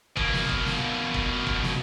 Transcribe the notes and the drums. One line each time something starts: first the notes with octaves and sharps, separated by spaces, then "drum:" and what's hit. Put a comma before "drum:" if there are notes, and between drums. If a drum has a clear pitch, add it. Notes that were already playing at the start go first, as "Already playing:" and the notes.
B2 A#3, drum: kick F#1
drum: snare
drum: kick F#1
drum: snare
drum: kick F#1
drum: kick F#1
drum: snare